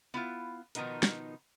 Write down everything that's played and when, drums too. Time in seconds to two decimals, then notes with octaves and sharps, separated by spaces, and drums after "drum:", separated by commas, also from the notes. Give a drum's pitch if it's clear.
0.14 B3 E4 F4
0.75 B2 D#3 F3 B3 D#4 A#4, drum: hi-hat
1.03 drum: snare